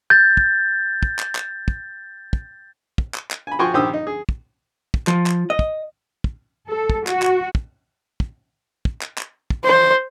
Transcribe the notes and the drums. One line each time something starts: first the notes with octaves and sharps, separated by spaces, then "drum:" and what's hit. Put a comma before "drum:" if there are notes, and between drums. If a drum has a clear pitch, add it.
G6 A6
drum: kick
drum: kick
drum: clap
drum: clap
drum: kick
drum: kick
drum: kick
drum: clap
drum: clap
G#5 B5
F3 F#4 G5 G#5 C6 C#6
A#1 D#3 G4 C5 D#6 E6
D#4
G#4
drum: kick
drum: kick
F3, drum: clap
drum: clap
D#5
drum: kick
drum: kick
A4
drum: kick
F#4, drum: clap
drum: clap
drum: kick
drum: kick
drum: kick
drum: clap
drum: clap
drum: kick
C5